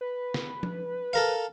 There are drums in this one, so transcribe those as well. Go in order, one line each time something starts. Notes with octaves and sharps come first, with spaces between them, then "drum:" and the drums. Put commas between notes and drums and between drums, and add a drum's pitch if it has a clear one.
B4
drum: snare
drum: tom F3
A4 A#4 F5